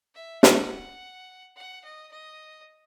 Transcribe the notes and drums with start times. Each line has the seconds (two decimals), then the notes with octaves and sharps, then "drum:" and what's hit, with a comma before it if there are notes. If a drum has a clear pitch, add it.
0.15 E5
0.43 F#5, drum: snare
1.56 F#5
1.84 D#5
2.12 D#5